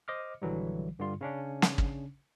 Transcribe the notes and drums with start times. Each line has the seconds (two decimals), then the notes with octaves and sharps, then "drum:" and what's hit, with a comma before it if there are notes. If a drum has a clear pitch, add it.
0.08 C5 D#5 D6 F6
0.42 A#1 D3 E3 F#3 G3
0.99 G2 D3 G3 F4 C6
1.21 C#3 C#4 D4
1.62 drum: snare
1.78 drum: kick